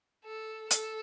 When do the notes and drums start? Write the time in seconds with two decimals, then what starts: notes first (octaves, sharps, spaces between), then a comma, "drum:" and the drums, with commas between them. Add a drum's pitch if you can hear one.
0.25 A4
0.71 A4, drum: hi-hat